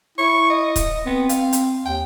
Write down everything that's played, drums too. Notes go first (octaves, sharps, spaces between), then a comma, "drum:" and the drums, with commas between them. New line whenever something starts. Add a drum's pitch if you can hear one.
E4 C#6
D#5
drum: kick, hi-hat
B3 C4
F5, drum: hi-hat
drum: hi-hat
D#2 G5